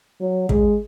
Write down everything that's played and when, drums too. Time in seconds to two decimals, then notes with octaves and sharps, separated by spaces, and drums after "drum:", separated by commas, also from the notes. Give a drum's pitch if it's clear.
0.21 F#3
0.49 G#3, drum: kick